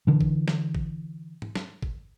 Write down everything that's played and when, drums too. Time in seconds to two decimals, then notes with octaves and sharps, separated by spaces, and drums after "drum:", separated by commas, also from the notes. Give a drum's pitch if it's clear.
0.07 D3 E3
0.21 drum: kick G#1
0.48 drum: snare
0.75 drum: kick G#1
1.42 drum: tom G#2
1.56 drum: snare
1.82 drum: kick G#1